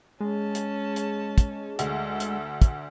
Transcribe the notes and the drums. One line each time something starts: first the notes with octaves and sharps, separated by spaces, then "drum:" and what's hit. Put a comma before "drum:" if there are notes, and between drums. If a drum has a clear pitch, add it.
G#3 C#4 A5
drum: hi-hat
drum: hi-hat
drum: kick, hi-hat
D2 A4, drum: hi-hat
drum: hi-hat
drum: kick, hi-hat